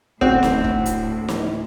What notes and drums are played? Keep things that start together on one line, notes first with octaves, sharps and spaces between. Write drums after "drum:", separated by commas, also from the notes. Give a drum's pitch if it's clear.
D2 A2 C4 F#4 F#5, drum: kick E1
drum: snare
drum: kick E1
drum: hi-hat
drum: snare